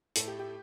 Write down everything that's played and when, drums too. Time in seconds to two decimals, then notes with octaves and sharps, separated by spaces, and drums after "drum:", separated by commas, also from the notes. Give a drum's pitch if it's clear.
0.16 A2 A3 A4, drum: hi-hat
0.27 G4
0.39 G4